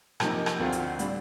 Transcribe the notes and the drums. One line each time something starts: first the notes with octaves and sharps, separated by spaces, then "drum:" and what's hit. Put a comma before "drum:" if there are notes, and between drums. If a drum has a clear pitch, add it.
C3 F3 A#3 D#4, drum: rim click
drum: rim click
D2 D3 A3 C4 F4
drum: hi-hat
A2 G3 D4, drum: hi-hat